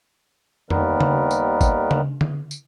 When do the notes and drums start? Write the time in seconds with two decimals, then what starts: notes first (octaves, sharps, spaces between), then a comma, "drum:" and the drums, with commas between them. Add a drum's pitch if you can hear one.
0.70 D#2 D#3 G3 B3 A#4 B4, drum: tom F2
1.01 drum: tom C#3
1.31 drum: tambourine
1.61 drum: kick G#1, tambourine
1.91 drum: tom C#3
2.21 drum: tom D3
2.51 drum: tambourine